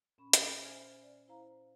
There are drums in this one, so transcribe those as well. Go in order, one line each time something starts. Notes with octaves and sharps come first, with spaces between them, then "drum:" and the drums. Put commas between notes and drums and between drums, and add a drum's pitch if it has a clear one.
A#2 C#4 B5 C#6
G#5 B5, drum: hi-hat
C5 E5 G#5 F6 G#6 A6
D5
E4 C5 F5 A#5